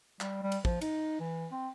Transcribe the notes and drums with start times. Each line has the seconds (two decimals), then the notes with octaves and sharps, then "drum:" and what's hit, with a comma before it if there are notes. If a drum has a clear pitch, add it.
0.21 G3, drum: clap
0.42 G3
0.52 drum: cymbal
0.65 F3, drum: kick
0.81 D#4, drum: cymbal
1.20 E3
1.52 C4